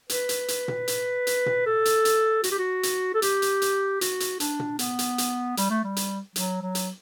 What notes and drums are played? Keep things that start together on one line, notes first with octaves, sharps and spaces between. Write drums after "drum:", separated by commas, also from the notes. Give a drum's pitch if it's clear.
B4, drum: hi-hat
drum: hi-hat
drum: hi-hat
drum: tom A#2
drum: hi-hat
drum: hi-hat
drum: tom A#2
A4
drum: hi-hat
drum: hi-hat
F#4, drum: hi-hat
G4
F#4
drum: hi-hat
A4
G4, drum: hi-hat
drum: hi-hat
drum: hi-hat
F#4, drum: hi-hat
drum: hi-hat
D4, drum: hi-hat
drum: tom A#2
B3, drum: hi-hat
drum: hi-hat
drum: hi-hat
G3, drum: hi-hat
A3
G3
drum: hi-hat
F#3, drum: hi-hat
F#3
drum: hi-hat